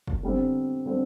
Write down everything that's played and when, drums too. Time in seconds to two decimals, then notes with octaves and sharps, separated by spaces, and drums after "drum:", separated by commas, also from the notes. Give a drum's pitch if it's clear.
0.08 drum: kick
0.23 D3 G3 C4
0.86 D3 G3 C4